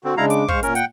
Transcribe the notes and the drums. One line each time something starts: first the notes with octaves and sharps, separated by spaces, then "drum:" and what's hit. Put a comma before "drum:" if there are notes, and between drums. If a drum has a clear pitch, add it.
D3 C4 F#4
C#3 G#3 D4 E4 F5 A#5
D6, drum: hi-hat
G#2 C5 F5 C#6, drum: kick
A#2 C#4 A#4, drum: hi-hat
F#5 G5, drum: hi-hat